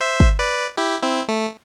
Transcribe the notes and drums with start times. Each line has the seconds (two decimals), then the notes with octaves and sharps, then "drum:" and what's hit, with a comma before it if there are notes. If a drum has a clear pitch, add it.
0.01 C5 E5
0.20 drum: kick
0.39 B4 D5
0.77 E4 G4
1.03 C4 E4
1.28 A3